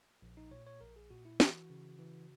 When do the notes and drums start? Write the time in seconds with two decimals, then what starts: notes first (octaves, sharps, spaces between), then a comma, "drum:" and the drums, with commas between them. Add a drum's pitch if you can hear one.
0.22 A#1
0.37 D#4
0.51 A#2 C#5
0.67 C#5
0.81 A#1 A#4
0.96 G#4
1.10 A#2 F#4
1.25 E4
1.40 E3 F#4, drum: snare
1.70 C#3
1.99 E3